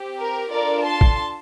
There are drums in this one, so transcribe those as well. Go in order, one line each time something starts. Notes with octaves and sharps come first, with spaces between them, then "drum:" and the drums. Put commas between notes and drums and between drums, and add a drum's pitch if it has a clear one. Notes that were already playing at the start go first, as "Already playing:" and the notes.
Already playing: C4 G4
A#4
D4 F4 A4 A#4 D5
A5 C6
drum: kick